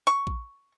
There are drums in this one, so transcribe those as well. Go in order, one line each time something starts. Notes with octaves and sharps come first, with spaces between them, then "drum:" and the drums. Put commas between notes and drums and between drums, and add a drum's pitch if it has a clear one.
C#6
drum: kick A#1